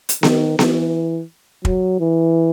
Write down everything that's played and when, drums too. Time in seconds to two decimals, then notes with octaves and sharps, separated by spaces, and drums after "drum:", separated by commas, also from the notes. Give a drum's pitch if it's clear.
0.09 drum: hi-hat
0.23 D#3, drum: snare B3
0.59 E3, drum: snare B3
1.65 F#3, drum: kick
2.00 E3